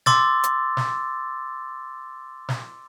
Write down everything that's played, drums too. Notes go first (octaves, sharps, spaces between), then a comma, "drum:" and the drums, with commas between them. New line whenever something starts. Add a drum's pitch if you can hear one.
C6 D6 E6 A6, drum: snare
drum: hi-hat
drum: snare
drum: snare